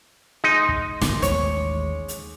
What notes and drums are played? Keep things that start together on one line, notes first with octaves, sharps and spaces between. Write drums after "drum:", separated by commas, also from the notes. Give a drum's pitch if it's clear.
G#3 D#4
drum: kick
G#1 D3 B3 D6, drum: snare
A1 D#2 G#3 C#5, drum: hi-hat
drum: hi-hat